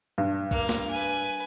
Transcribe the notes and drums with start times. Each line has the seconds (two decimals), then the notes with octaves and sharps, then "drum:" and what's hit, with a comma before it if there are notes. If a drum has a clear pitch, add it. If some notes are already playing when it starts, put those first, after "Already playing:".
0.18 G2
0.51 A#3, drum: kick
0.69 drum: snare
0.90 B4 G#5